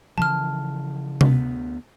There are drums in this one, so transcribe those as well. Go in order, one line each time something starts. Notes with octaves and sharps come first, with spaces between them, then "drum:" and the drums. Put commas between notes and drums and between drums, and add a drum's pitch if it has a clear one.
C#3 E3 F3 A5 F6
D2 B3, drum: tom C3